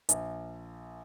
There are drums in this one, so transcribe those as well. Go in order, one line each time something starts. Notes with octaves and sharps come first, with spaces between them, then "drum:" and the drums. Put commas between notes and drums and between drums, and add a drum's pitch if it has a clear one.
A#1, drum: hi-hat